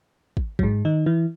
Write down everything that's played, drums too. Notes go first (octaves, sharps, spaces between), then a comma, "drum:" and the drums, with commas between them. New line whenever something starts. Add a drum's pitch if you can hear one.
drum: kick
F#3, drum: kick
G#2 G#3
D#3 D#4
E3 E4